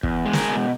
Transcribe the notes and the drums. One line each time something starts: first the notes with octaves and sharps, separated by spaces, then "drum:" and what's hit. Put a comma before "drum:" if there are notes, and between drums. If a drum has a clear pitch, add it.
E2, drum: kick
G#3
G#4 A#4, drum: snare
B2